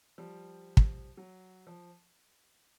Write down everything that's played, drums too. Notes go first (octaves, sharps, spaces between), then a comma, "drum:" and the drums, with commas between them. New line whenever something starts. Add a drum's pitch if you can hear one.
F3 G3
drum: kick
F#3
F3